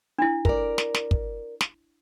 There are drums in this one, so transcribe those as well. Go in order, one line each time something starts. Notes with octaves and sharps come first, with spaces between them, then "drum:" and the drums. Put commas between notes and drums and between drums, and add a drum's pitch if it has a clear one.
D4 E4
A#4 D5, drum: kick
drum: snare
drum: snare
drum: kick
drum: snare